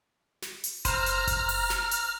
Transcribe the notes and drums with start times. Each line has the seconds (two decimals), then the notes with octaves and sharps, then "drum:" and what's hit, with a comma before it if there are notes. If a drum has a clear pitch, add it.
0.42 drum: snare
0.64 drum: hi-hat
0.85 C5 A#5 F6, drum: kick F#1, hi-hat
1.06 drum: hi-hat
1.27 drum: kick F#1, hi-hat
1.49 drum: open hi-hat
1.70 drum: snare
1.91 drum: hi-hat